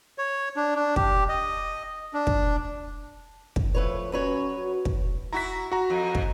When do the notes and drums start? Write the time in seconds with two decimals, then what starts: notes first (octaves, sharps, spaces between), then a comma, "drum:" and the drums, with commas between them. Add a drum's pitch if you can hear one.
0.18 C#5
0.56 D4
0.76 D4
0.96 G4, drum: kick
1.29 D#5
2.14 D4
2.27 drum: kick
3.56 drum: kick
3.75 A2 F3 B4 C#5
4.12 F#3 C#4 B4 C#5
4.54 F#4
4.85 drum: kick
5.33 E4 F#4 A#5 B6
5.72 F#4 A#5
5.90 F2
6.15 drum: kick